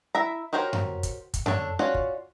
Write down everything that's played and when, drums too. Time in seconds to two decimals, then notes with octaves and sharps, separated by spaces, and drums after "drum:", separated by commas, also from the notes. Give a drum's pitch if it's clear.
0.15 E4 E5 A#5
0.53 F#4 G4 A#4 C5 C#5
0.73 drum: tom F#2
1.03 drum: kick, hi-hat
1.34 drum: kick, hi-hat
1.46 D4 A4 C#5, drum: tom F#2
1.79 C#4 F4 F#4 C#5 D5
1.94 drum: kick